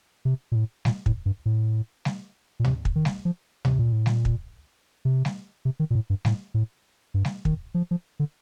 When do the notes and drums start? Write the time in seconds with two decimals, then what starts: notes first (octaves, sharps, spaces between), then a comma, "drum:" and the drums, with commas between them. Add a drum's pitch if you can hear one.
0.25 C3
0.52 A#2
0.55 A2
0.85 A#2, drum: snare G3
1.06 A2, drum: kick
1.26 G2
1.46 A2
2.05 drum: snare G3
2.60 A#2
2.65 C3, drum: tom
2.85 drum: kick
2.96 D#3
3.05 drum: snare G3
3.25 F3
3.65 C3, drum: tom
3.79 A#2
3.92 A2
4.06 A#2, drum: snare G3
4.25 drum: kick
5.05 C3
5.25 drum: snare G3
5.65 C3
5.80 D#3
5.90 A#2
5.95 A2
6.10 G2
6.25 A2, drum: snare G3
6.54 A2
7.14 G2
7.25 drum: snare G3
7.45 D#3, drum: kick
7.74 F3
7.91 F3
8.19 D3